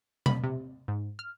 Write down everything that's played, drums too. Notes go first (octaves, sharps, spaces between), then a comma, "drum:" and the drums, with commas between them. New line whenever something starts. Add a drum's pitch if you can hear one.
B5, drum: tom B2
C3
G#2
F6